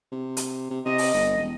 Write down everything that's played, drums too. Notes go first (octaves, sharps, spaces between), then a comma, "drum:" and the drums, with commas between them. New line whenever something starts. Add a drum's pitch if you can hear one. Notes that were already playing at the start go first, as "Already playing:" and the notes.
C3
drum: hi-hat
C3
C3 D#5
drum: open hi-hat
G1
E1